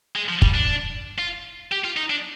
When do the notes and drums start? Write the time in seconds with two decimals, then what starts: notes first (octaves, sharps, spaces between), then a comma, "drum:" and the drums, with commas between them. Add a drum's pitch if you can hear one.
0.15 G#3
0.29 F3
0.42 G3, drum: kick
0.55 D4
1.19 F4
1.72 G4
1.84 F4
1.97 D#4
2.10 D4